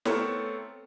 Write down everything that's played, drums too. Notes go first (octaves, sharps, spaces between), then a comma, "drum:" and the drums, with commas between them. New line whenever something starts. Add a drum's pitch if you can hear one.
A3 B3 C4 A4 A#4 C#5, drum: snare